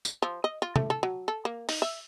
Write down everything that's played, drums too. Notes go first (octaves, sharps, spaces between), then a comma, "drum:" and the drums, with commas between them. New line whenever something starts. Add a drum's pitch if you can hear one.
drum: tambourine
F3
D#5
F4
A3, drum: tom C3
A4
F#3
A4
A#3
D#4, drum: open hi-hat
E5